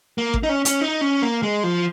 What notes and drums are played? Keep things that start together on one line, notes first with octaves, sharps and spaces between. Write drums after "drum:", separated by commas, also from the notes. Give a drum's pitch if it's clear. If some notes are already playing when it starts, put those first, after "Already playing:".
A#3
drum: kick G#1
D#4
C#4
C#4, drum: hi-hat
D#4
C#4
A#3
G#3
F3